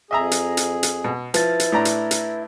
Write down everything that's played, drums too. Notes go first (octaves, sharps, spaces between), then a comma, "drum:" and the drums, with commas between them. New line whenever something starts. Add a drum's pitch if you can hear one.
F2 G#4 D#5 E5 A#5
drum: hi-hat
drum: hi-hat
drum: hi-hat
B2
F3 E4 B4 A6, drum: hi-hat
drum: hi-hat
A2 D4 A#5
drum: hi-hat
drum: hi-hat